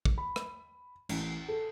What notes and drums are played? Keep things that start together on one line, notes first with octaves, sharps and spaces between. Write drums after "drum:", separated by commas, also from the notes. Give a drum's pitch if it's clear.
drum: kick
B5
drum: rim click
A1, drum: cymbal
A4